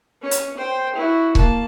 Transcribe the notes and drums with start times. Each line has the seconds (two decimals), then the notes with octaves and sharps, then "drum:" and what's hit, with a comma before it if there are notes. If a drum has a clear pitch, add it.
0.22 C#4 C#5
0.31 drum: hi-hat
0.57 C5 G5
0.96 E4 F#4
1.35 A#3 A5, drum: kick C#1